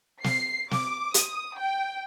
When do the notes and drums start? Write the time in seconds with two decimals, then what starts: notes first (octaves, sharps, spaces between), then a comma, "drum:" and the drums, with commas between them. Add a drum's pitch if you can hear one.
0.24 C7, drum: snare
0.71 D6, drum: snare
1.14 D#6, drum: hi-hat
1.58 G5